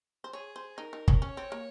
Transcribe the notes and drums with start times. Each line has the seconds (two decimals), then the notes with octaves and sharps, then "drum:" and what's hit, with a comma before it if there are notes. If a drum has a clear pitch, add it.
0.24 C5
0.33 G#4 C#5
0.56 C5
0.78 D#4 A#4
0.93 D#4
1.08 C#4, drum: kick
1.22 C#4 C#5
1.37 C4
1.52 A#3